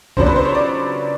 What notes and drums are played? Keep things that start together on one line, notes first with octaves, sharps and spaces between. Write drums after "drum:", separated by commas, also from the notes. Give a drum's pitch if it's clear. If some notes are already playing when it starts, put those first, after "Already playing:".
C#3 F#3 B3 D4 C5, drum: kick A#1
B4
C5
C#5
D5